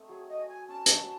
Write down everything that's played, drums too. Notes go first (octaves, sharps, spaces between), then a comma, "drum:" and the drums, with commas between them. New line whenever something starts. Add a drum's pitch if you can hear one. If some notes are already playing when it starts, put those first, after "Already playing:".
Already playing: A3 C4 D#4
F#3 G#4
D#5
G#4
G#5
C#4 A5
drum: hi-hat
F#3